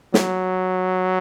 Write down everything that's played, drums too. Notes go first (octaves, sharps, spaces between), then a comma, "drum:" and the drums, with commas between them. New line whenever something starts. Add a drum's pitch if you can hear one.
F#3, drum: snare